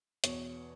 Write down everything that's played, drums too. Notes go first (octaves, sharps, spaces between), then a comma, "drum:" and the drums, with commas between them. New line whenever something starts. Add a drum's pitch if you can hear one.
E2 B2 C#5, drum: hi-hat